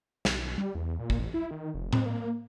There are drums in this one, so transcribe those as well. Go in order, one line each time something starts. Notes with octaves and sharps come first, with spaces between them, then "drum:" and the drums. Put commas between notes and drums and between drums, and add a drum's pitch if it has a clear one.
B1, drum: snare
G3
E2
A#2
drum: kick
A1
E4
D#3
F1
C4, drum: tom A2
A#3